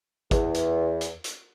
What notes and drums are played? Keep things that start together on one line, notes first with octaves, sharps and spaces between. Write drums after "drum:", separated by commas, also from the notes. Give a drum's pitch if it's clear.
E2, drum: kick, hi-hat
drum: hi-hat
drum: hi-hat
drum: hi-hat